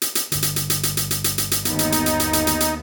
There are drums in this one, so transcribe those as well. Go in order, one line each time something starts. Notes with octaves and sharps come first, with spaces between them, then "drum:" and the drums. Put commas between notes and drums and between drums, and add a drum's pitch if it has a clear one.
drum: hi-hat
drum: hi-hat
G1 D3, drum: hi-hat
drum: hi-hat
drum: hi-hat
drum: hi-hat
drum: hi-hat
drum: hi-hat
drum: hi-hat
drum: hi-hat
drum: hi-hat
drum: hi-hat
D#2 B3 D#4, drum: hi-hat
drum: hi-hat
drum: hi-hat
drum: hi-hat
drum: hi-hat
drum: hi-hat
drum: hi-hat
drum: hi-hat